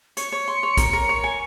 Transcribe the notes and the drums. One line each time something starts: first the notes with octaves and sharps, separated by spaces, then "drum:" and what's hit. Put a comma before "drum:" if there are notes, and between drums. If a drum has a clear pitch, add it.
C#5 C#7, drum: hi-hat
C#5
C6
C#5
A#4, drum: kick A#1, hi-hat
A#4
C#5
G#5